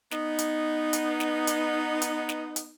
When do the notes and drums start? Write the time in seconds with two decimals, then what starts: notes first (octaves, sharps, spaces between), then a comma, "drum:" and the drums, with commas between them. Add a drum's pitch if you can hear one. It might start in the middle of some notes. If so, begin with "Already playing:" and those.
0.11 B3 D#4, drum: snare
0.39 drum: hi-hat
0.93 drum: hi-hat
1.20 drum: snare
1.47 drum: hi-hat
2.02 drum: hi-hat
2.29 drum: snare
2.56 drum: hi-hat